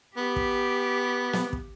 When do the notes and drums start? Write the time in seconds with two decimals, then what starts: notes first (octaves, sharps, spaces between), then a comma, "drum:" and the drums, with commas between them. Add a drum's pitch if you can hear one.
0.17 B3 G4
0.36 drum: kick
1.33 drum: snare
1.53 drum: kick